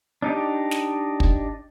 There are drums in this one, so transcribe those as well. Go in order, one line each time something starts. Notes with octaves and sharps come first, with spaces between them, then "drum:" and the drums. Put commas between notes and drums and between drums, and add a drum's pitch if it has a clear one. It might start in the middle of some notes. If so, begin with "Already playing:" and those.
D4 D#4 G4
drum: snare
drum: kick